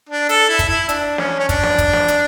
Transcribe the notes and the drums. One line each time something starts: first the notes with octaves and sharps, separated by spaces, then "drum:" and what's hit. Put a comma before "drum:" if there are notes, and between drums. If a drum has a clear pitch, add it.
D4
A4, drum: hi-hat
E4
drum: kick, hi-hat
E4
D4, drum: hi-hat
C#4, drum: snare
C#4
D4, drum: kick, hi-hat
drum: snare
drum: kick, hi-hat
drum: snare
drum: hi-hat